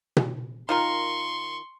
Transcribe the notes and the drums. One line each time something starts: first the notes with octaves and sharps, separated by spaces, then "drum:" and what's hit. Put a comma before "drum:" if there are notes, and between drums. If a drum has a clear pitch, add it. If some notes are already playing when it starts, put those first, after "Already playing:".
drum: tom B2
D#3 F4 A#4 C6 C#6